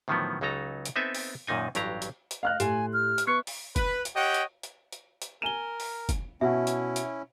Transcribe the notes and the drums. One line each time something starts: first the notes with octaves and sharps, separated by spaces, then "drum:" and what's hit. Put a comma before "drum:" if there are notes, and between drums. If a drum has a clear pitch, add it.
A2 D3 D#3 F3 F#3 B3
C#2 C#3 F#3 D#4 A4 A#5
drum: hi-hat
B3 C4 D#4 A4 E5 G#5
drum: open hi-hat
F#2 A#2 D#3 D#4 G#5
A1 G2 F#3 G4 F5 A#5, drum: hi-hat
drum: hi-hat
drum: hi-hat
D#5 F5 F6 F#6
A2 G4 G#5, drum: hi-hat
F6
drum: hi-hat
B3 B4 C#6 F#6
drum: open hi-hat
B4, drum: kick F1, hi-hat
drum: hi-hat
G4 C#5 D#5 F#5 G5
drum: hi-hat
drum: hi-hat
drum: hi-hat
drum: hi-hat
A#4 G#5 D#7 E7 G7
drum: open hi-hat
drum: kick F1, hi-hat
B2 C#4 E4 E5 F#5
drum: hi-hat
drum: hi-hat